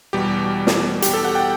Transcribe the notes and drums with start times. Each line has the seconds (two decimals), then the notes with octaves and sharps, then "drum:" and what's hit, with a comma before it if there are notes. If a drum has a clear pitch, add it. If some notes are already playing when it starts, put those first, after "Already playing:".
0.13 E2 B2 G3 G4
0.67 drum: snare
1.02 G4, drum: hi-hat
1.13 A4
1.25 F#5
1.35 G5